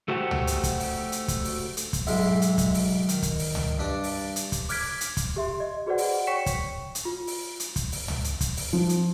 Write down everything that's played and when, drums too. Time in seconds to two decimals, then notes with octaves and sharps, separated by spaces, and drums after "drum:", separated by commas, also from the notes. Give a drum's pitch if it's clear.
0.08 A3 F#4 G4 C5 F#5
0.31 drum: tom
0.47 drum: hi-hat
0.64 drum: kick, hi-hat
0.80 drum: open hi-hat
1.12 drum: hi-hat
1.28 drum: kick, hi-hat
1.44 drum: open hi-hat
1.77 drum: hi-hat
1.93 drum: kick, hi-hat
2.07 B1 G#2 G#3 E4, drum: open hi-hat
2.42 drum: hi-hat
2.58 drum: kick, hi-hat
2.74 drum: open hi-hat
3.09 D#3, drum: hi-hat
3.23 drum: kick, hi-hat
3.39 drum: open hi-hat
3.55 drum: tom
3.79 G2 D4 D5
4.03 drum: open hi-hat
4.36 drum: hi-hat
4.52 drum: kick, hi-hat
4.69 D6 F6 F#6 G#6 B6 D7, drum: open hi-hat
5.01 drum: hi-hat
5.17 drum: kick, hi-hat
5.36 G4 E5 C6
5.60 D#5
5.86 F#4 G#4 B4 C5 D5 F#5
5.98 drum: open hi-hat
6.27 C#5 G5 C#6 B6 C#7 E7
6.46 drum: kick, hi-hat
6.95 drum: hi-hat
7.05 F4
7.27 drum: open hi-hat
7.60 drum: hi-hat
7.76 drum: kick, hi-hat
7.92 drum: open hi-hat
8.08 drum: tom
8.24 drum: hi-hat
8.41 drum: kick, hi-hat
8.57 drum: open hi-hat
8.73 F3
8.89 drum: hi-hat